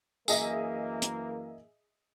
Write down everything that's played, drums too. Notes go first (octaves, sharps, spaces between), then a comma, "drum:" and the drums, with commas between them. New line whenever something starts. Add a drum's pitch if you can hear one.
F#2 E3 A#3 G#4 D#5 E5, drum: tambourine
drum: hi-hat